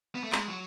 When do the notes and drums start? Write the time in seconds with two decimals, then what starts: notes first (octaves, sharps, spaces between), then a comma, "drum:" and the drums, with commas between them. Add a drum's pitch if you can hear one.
0.15 B3
0.23 A3
0.32 G#3, drum: clap
0.48 F#3